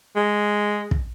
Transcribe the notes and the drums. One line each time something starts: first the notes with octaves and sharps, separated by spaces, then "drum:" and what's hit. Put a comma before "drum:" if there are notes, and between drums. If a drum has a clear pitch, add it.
G#3
drum: kick